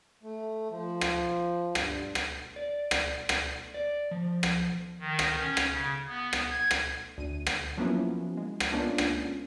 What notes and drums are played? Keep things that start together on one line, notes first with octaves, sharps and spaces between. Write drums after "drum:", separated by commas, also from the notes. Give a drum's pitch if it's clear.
A3
F3
drum: rim click
G2, drum: rim click
drum: rim click
D5
drum: rim click
drum: rim click
D5
F3
drum: rim click
D#3
drum: rim click
C#4
drum: rim click
C#3
B3
drum: rim click
G#6
drum: rim click
D2 D#7
drum: rim click
F3 F#3 A#3 B3 C#4 E4
G#3
drum: rim click
G#3 A#3 B3 C#4 D4 F4
drum: rim click